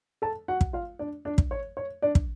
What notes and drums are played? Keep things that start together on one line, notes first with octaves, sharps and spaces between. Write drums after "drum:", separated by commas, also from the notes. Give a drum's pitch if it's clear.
A4 A5
F#4 F#5
drum: kick
F4 F5
D4 D5
D4 D5
drum: kick
C#5
C#5
D4 D5
drum: kick